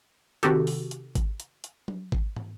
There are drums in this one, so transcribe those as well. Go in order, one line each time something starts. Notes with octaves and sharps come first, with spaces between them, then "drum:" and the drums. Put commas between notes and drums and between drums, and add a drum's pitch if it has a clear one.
C3 D#3 F#4 G4 A4, drum: hi-hat
drum: open hi-hat
drum: hi-hat
drum: kick G#1, hi-hat
drum: hi-hat
drum: hi-hat
drum: tom F#3
drum: kick G#1
drum: tom